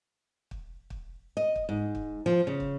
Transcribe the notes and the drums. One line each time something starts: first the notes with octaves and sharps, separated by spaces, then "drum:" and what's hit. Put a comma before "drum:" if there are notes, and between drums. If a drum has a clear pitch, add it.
drum: kick
drum: kick
D#5
drum: kick
G#2
drum: kick
F3
C#3
drum: kick